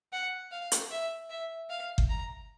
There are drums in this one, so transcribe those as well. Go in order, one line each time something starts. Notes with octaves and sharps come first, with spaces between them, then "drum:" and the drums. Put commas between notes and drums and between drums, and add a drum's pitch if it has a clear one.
F#5
F5
drum: hi-hat
E5
E5
F5
drum: kick G1
A#5